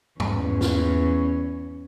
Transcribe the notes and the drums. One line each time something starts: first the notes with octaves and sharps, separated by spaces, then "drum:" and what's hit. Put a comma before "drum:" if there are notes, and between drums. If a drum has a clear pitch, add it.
E2 C#4, drum: tom G2
drum: snare